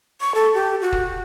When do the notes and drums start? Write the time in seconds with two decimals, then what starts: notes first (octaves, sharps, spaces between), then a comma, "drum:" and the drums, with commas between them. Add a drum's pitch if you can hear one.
0.21 C#6
0.35 A4
0.54 G4
0.81 F#4
0.92 drum: kick